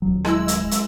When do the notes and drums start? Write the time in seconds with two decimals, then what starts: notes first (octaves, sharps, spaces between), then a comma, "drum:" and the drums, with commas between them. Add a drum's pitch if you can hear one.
0.02 D#1 F#3
0.25 G#3 E4 E6, drum: rim click
0.48 drum: hi-hat
0.71 drum: hi-hat